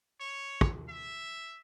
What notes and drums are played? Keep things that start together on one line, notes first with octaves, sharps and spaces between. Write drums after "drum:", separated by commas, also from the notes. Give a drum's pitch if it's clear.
C#5
drum: kick
E5